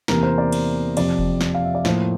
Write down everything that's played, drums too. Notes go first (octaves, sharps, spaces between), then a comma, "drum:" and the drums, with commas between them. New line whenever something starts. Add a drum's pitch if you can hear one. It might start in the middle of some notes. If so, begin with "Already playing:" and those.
E2 C3 E3 A#3 A#4, drum: snare
C5
D5
drum: cymbal
F2 C3 F3 D5, drum: cymbal
drum: kick F1
drum: snare
F5
E5
D5
A2 F3 A#3 C5, drum: snare